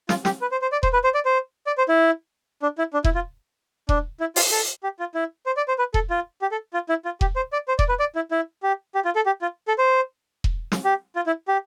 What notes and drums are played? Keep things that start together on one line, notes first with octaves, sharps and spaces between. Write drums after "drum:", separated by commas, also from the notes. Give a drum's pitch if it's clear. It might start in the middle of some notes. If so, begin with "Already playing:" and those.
F4, drum: snare
G4, drum: snare
B4
C5
C5
D5
C5, drum: kick E1
B4
C5
D5
C5
D5
C5
E4
D4
E4
D4
E4, drum: kick E1
F4
D4, drum: kick E1
E4
F4, drum: open hi-hat
A4
G4
F4
E4
C5
D5
C5
B4
A4, drum: kick E1
F4
G4
A4
F4
E4
F4
G4, drum: kick E1
C5
D5
C5
D5, drum: kick E1
B4
D5
E4
E4
G4
G4
F4
A4
G4
F4
A4
C5
drum: kick E1
drum: snare
G4
F4
E4
G4